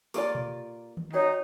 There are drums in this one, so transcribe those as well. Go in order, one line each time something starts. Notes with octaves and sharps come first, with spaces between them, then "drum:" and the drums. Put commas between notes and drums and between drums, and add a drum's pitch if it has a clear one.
A#3 F4 G4 A4 D5, drum: open hi-hat
drum: tom A#2
drum: tom D#3
D#4 F#4 C#5 D5 G5